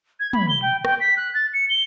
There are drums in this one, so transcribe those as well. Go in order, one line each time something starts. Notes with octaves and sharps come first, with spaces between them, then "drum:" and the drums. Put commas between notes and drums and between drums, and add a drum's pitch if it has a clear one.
G#6
B5, drum: tom
G7
G5
G5, drum: rim click
B6
F#6
A6
C#7
G7